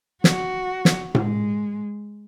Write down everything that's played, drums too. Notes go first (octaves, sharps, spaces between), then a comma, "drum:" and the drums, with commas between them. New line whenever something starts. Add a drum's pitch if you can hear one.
F#4, drum: snare
drum: snare
G#3, drum: tom A2